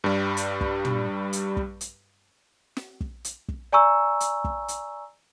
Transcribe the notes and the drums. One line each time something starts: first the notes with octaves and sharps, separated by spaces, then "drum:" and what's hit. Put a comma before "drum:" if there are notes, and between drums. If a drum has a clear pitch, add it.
G2 G3
drum: hi-hat
drum: kick
drum: tom
drum: hi-hat
drum: kick
drum: hi-hat
drum: snare
drum: kick
drum: hi-hat
drum: kick
D5 G#5 A#5 C#6 E6
drum: hi-hat
drum: kick
drum: hi-hat